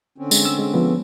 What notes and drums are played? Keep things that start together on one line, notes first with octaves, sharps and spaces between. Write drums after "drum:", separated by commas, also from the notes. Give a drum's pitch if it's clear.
D3 C4 C#4
G#3, drum: tambourine
E6
G#3
F3 G#3 B3